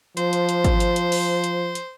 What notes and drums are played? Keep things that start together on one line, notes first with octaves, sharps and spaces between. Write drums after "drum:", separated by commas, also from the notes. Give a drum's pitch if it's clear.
F3 C5, drum: hi-hat
drum: hi-hat
drum: hi-hat
drum: kick, hi-hat
drum: hi-hat
drum: hi-hat
drum: open hi-hat
drum: hi-hat
drum: hi-hat